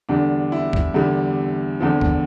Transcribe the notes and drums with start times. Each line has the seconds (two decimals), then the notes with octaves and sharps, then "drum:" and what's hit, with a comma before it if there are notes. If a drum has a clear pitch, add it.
0.09 E2 D3 G3 D4
0.52 E4
0.73 drum: kick
0.94 E2 D3 G3
1.80 E2 D3 F3
2.01 drum: kick